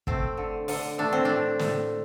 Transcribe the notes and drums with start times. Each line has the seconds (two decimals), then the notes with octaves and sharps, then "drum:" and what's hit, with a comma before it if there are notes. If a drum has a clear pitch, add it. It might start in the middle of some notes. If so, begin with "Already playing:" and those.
0.07 A3 C4, drum: kick
0.37 D3
0.68 D3, drum: open hi-hat
0.98 A3 D4
1.13 C4
1.25 A2 D4
1.59 A2, drum: snare